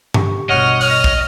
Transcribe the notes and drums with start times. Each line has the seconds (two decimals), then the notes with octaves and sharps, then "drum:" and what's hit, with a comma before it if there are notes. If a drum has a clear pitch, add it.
0.14 D3 G4 C#6, drum: tom G2
0.50 A1 G2 B2 C#5 D#5 F#5 F6
0.81 C#5 F6, drum: open hi-hat
1.04 drum: kick